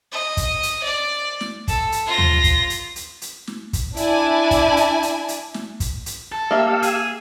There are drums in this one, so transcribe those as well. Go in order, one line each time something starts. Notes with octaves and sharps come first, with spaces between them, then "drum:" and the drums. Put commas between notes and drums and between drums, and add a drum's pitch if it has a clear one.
D#5
drum: kick, hi-hat
drum: hi-hat
D5
drum: snare
A4, drum: kick, hi-hat
drum: hi-hat
F4 A#6
drum: tom D#2
drum: kick, hi-hat
drum: hi-hat
drum: hi-hat
drum: hi-hat
drum: snare
drum: kick, hi-hat
D4 E4 D5 G#5 A5, drum: hi-hat
drum: kick, hi-hat
drum: hi-hat
drum: hi-hat
drum: hi-hat
drum: snare
drum: kick, hi-hat
drum: hi-hat
A4
A#3 G4 E5 F5 E6
G#4, drum: hi-hat